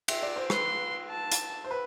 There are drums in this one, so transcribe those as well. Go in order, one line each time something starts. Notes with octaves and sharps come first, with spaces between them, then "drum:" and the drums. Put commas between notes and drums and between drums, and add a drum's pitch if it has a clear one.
E5, drum: cymbal
D5
C5
B4 C6, drum: rim click
A5
drum: hi-hat
C5
B4